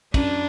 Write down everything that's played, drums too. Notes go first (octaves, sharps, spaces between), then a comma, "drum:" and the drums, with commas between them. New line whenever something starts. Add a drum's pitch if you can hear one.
F#2 D4, drum: kick, cymbal